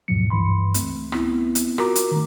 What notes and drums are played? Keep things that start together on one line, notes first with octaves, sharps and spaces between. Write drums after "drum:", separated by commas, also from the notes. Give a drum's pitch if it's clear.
D#2 G#2 B2 F3 F#3 C#7
C#2 G2 E3 B5 C6
C#2 A3 C4, drum: hi-hat
B3 C4 E4, drum: rim click
drum: hi-hat
F4 F#4 A#4 A#5 D6, drum: rim click
drum: hi-hat
D#3 A3